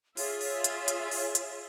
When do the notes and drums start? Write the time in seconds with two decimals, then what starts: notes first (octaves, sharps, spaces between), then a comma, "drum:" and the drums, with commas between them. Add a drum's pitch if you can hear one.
0.17 F4 G#4 C#5 E5, drum: open hi-hat
0.41 drum: open hi-hat
0.64 drum: hi-hat
0.88 drum: hi-hat
1.11 drum: open hi-hat
1.35 drum: hi-hat